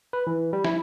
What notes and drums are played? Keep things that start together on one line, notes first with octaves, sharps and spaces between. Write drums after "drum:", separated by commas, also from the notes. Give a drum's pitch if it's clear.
B4
E3
G3
E4, drum: snare